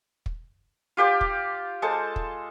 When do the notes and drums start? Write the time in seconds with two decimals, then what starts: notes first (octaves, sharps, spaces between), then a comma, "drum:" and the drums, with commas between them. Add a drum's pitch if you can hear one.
0.26 drum: kick
0.97 F4 G4 C5 D5
1.21 drum: kick
1.82 G#3 A4 C5 A5
2.16 drum: kick